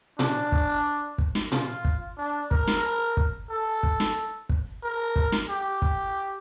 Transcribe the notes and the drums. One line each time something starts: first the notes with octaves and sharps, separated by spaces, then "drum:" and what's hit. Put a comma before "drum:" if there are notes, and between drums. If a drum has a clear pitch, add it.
D4, drum: tom A#2
drum: kick
drum: kick
drum: snare
F4, drum: tom A#2
drum: kick
D4
A#4, drum: kick
drum: snare
drum: kick
A4
drum: kick
drum: snare
drum: kick
A#4
drum: kick
drum: snare
G4
drum: kick